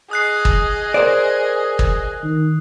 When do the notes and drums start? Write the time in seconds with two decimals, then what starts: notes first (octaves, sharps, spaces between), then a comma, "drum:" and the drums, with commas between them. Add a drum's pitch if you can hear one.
0.11 G#4 D#5 D#6 F#6 C7
0.45 drum: kick
0.94 A#4 C5 D5
1.79 drum: kick
2.24 D#3